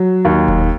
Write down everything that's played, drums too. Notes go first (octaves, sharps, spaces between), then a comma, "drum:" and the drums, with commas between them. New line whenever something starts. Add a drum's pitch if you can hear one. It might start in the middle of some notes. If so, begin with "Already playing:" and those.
Already playing: F#3
D#2
drum: kick E1